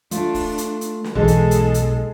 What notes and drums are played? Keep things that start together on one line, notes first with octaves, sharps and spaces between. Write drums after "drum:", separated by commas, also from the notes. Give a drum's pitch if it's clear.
A3 D4 F4, drum: hi-hat
drum: kick, open hi-hat
drum: hi-hat
drum: hi-hat
drum: snare
B1 G#2 E3 G#3 G#4 A4 D#5
drum: hi-hat
drum: hi-hat
drum: hi-hat